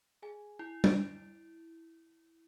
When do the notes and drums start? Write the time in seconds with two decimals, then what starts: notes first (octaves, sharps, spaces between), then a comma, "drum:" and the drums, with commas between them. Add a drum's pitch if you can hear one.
0.22 G#4 G#5
0.59 E4 G#5
0.84 A6 D7, drum: tom G3